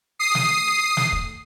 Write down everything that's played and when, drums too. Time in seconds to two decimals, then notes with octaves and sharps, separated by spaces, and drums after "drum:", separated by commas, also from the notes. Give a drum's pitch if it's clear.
0.19 D#6 C7
0.35 drum: snare
0.97 drum: snare
1.12 drum: kick